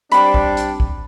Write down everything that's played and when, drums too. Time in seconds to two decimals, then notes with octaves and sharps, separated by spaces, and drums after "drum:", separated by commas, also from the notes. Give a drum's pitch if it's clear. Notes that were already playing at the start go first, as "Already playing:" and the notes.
0.12 G3 C4 D4 B5, drum: hi-hat
0.34 drum: kick
0.57 drum: hi-hat
0.80 drum: kick